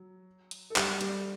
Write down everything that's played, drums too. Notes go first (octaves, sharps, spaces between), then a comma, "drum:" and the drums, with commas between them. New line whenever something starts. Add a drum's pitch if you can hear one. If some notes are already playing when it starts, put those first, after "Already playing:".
Already playing: F#3
drum: hi-hat
A4
G3 G4, drum: clap
G3 G4, drum: hi-hat